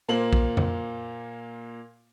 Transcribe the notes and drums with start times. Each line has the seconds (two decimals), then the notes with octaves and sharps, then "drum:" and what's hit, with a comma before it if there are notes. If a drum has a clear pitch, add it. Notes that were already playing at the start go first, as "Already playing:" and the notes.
0.08 A#2 A#3 C5 F#7
0.33 drum: kick
0.57 drum: tom F2